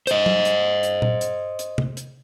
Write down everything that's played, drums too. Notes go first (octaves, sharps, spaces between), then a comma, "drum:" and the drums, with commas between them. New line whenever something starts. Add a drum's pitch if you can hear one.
C5 D#5, drum: hi-hat
drum: tom
drum: hi-hat
drum: hi-hat
drum: tom A#2
drum: hi-hat
drum: hi-hat
drum: tom
drum: hi-hat